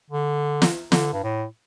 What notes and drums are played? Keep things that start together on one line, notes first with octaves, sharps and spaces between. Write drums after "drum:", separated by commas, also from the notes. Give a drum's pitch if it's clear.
D3
drum: snare
D3, drum: snare
G2
A2